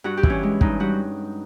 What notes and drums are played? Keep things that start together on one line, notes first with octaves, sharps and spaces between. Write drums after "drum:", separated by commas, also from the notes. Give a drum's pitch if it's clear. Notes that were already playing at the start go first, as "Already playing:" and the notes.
G2 F#4
G4
E3, drum: kick
C#4
G#3
G2 D#4, drum: kick
G3 F#4